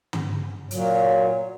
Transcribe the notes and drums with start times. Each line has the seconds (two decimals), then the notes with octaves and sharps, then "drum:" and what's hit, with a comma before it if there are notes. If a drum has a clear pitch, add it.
0.13 drum: tom
0.71 A#2 F#3, drum: hi-hat